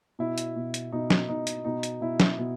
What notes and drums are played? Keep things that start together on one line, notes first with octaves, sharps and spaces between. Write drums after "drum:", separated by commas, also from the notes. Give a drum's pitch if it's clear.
B2 E4
drum: hi-hat
B2
drum: hi-hat
B2 D#4
drum: snare
B2 D#4
drum: hi-hat
B2 D#4
drum: hi-hat
B2 E4
drum: snare
B2